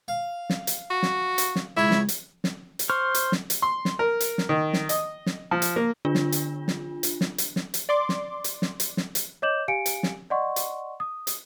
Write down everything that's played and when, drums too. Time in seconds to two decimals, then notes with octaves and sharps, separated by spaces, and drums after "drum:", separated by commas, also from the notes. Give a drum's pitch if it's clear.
0.08 F5
0.50 drum: snare
0.67 drum: hi-hat
0.90 F#4
1.03 drum: snare
1.38 drum: hi-hat
1.56 drum: snare
1.77 C#2 E4 C#5
1.91 drum: snare
2.09 drum: hi-hat
2.44 drum: snare
2.79 drum: hi-hat
2.90 C5 C6 C#6 F6
3.14 drum: hi-hat
3.32 drum: snare
3.50 drum: hi-hat
3.62 C6
3.85 drum: snare
3.99 A#4
4.20 drum: hi-hat
4.38 drum: snare
4.49 D#3
4.73 drum: snare
4.89 D#5, drum: hi-hat
5.26 drum: snare
5.51 F3
5.62 drum: hi-hat
5.76 A#3
6.05 D3 D4 F4
6.15 drum: snare
6.32 drum: hi-hat
6.68 drum: snare
7.03 drum: hi-hat
7.21 drum: snare
7.38 drum: hi-hat
7.56 drum: snare
7.74 drum: hi-hat
7.89 D5 C6 D6
8.09 drum: snare
8.44 drum: hi-hat
8.62 drum: snare
8.80 drum: hi-hat
8.97 drum: snare
9.15 drum: hi-hat
9.42 C#5 D#5 D6 G6 E7 F#7
9.68 G4 F5 G#5 C#7 D7
9.86 drum: hi-hat
10.03 drum: snare
10.30 D5 D#5 F#5 C6 C#6
10.56 drum: hi-hat
11.00 D#6
11.27 drum: hi-hat